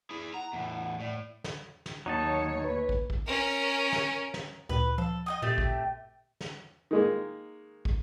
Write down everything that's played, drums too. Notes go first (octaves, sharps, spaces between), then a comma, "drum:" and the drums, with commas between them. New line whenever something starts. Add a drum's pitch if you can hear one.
E4 G#4
F#5 A#5
E2 A2
F#5
A2 D5
drum: snare
drum: snare
D#2 F#3 D#4 C#5 A5 C#7
B4
drum: kick
drum: kick
C#4 A#4
drum: snare
drum: snare
D2 A#2 B4
F3 A4
D#5 G5 D#6
A#2 A3 C4 G4
drum: kick
drum: snare
D#3 G#3 A#3
drum: kick